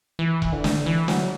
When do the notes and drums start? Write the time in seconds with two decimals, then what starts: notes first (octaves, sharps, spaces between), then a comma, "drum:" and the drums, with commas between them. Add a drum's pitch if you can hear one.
0.19 E3
0.42 drum: kick E1
0.52 D3
0.64 drum: snare
0.86 E3
1.08 F#3, drum: snare